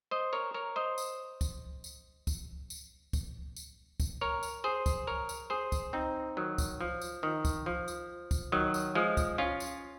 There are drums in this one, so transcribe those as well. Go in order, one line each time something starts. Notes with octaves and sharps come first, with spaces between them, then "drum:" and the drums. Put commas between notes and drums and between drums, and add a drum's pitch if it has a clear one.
C5 D#5
A#4 C#5
A#4 C#5
C5 D#5
drum: tambourine
drum: kick, tambourine
drum: tambourine
drum: kick, tambourine
drum: tambourine
drum: kick, tambourine
drum: tambourine
drum: kick, tambourine
A#4 C#5
drum: tambourine
G#4 C5
drum: kick, tambourine
A#4 C#5
drum: tambourine
G#4 C5
drum: kick, tambourine
C4 D#4
D#3 F#3
drum: kick, tambourine
F3
drum: tambourine
D#3
drum: kick, tambourine
F3
drum: tambourine
drum: kick, tambourine
D#3 F#3
drum: tambourine
F3 G#3
drum: kick, tambourine
C#4 F4
drum: tambourine